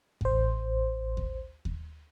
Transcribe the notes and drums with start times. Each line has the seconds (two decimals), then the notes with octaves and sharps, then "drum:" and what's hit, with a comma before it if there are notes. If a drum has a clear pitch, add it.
0.21 A1 C5, drum: kick D#2
1.17 drum: kick D#2
1.65 drum: kick D#2